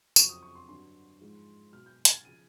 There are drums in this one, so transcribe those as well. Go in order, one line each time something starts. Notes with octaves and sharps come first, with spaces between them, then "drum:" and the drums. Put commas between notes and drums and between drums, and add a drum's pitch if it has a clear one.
F2 C#3 F#3 C#6, drum: tambourine
D#6
C#6
C6
G2 D3 F#3 C6
G#2 F3 G#3
B2 F#3 F6
G6
G#6, drum: hi-hat
A6
C#3 F3 D#7